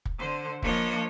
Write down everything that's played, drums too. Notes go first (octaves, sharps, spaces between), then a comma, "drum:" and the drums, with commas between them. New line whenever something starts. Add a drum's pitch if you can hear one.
drum: kick
D3 C5
F3 A#3 D4 C#5 D#5, drum: kick